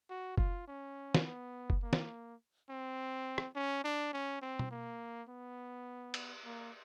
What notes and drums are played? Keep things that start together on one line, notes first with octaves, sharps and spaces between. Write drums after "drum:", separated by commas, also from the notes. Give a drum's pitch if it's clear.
F#4
F4, drum: kick F#1
C#4
drum: snare
B3
drum: kick F#1
A#3
drum: snare
C4
drum: rim click
C#4
D4
C#4
C4
drum: tom
A#3
B3
drum: cymbal
A#3